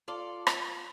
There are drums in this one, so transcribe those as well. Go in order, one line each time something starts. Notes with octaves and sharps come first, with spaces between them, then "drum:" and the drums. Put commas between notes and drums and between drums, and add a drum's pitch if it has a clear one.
F4 A4 D5
drum: rim click